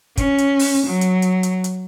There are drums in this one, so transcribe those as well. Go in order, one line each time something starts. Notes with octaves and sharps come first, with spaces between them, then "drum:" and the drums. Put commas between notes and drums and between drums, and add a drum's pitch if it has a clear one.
C#4, drum: kick, hi-hat
drum: hi-hat
drum: open hi-hat
F#3
drum: hi-hat
drum: hi-hat
drum: hi-hat
drum: hi-hat